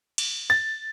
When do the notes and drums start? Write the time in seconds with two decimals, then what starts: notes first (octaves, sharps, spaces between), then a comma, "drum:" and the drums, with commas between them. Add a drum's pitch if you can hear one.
0.18 drum: cymbal
0.50 A6